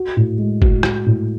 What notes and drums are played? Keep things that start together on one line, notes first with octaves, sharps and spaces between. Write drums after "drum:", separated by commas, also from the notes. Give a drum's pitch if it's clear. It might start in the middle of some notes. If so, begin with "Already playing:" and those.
Already playing: F#4
A2
G#3
F#4, drum: kick
F#4, drum: rim click
A2